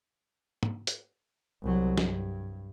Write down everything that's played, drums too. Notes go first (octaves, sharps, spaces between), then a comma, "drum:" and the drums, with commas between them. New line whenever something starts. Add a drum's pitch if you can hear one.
drum: tom
drum: hi-hat
C2 F#3
G2, drum: snare F3